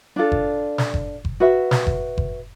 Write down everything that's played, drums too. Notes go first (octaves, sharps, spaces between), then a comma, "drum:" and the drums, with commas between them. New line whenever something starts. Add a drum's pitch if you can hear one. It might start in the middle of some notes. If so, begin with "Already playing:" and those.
D4 F4 A4
drum: kick F#1
drum: snare
drum: kick F#1
drum: kick F#1
F#4 B4 E5
drum: snare
drum: kick F#1
drum: kick F#1